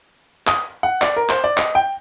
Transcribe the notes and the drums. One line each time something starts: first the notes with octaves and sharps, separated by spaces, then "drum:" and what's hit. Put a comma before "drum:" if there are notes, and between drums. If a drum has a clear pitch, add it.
D#6, drum: clap
F#5
D5, drum: clap
A#4
C5, drum: clap
D5
D#5, drum: clap
G5